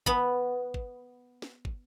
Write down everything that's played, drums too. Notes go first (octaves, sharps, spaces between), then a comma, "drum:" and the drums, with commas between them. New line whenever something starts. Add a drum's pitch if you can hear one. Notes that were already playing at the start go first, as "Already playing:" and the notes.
B3 B5, drum: kick
drum: kick
drum: snare
drum: kick